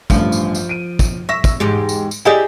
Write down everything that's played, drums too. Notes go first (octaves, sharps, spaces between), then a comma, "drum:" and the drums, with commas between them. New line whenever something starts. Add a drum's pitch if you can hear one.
A1 G2 F3, drum: kick, tambourine
drum: tambourine
drum: tambourine
D7 D#7
drum: kick, tambourine
E5 C#6 A#6
drum: kick, tambourine
E2 G#2 G#3 G4
drum: tambourine
drum: tambourine
E4 G4 G#4 D5 D#5 G#5